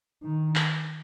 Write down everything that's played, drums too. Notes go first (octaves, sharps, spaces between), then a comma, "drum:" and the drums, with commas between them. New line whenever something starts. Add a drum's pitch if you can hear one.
D#3
drum: clap